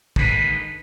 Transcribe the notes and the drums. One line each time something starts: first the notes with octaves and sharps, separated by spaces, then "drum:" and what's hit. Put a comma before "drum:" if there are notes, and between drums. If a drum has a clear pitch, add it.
D3 D#3 G#3 A#3 D#4 B4, drum: kick